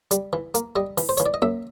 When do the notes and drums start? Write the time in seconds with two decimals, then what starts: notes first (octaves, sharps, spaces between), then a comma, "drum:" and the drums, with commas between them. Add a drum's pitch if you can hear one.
0.11 G3, drum: hi-hat
0.33 E3
0.55 A#3, drum: hi-hat
0.76 G3 D#5
0.98 E3, drum: open hi-hat
1.09 C5
1.17 E3 C#5, drum: hi-hat
1.26 D5
1.34 D#5
1.42 F#2 E5, drum: tom A#3